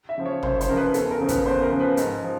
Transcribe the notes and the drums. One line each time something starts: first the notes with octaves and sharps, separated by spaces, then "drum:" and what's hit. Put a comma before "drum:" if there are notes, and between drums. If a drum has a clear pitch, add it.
E5
C#3 F3
C#5
F#2 C5, drum: tom
C5, drum: hi-hat
C#3 F3 A#4
B4
E2 A4, drum: hi-hat
A#4
C#3 F3
B4, drum: kick, hi-hat
E2 C5
A#4
C#3 F3
B4
G#2, drum: hi-hat
F3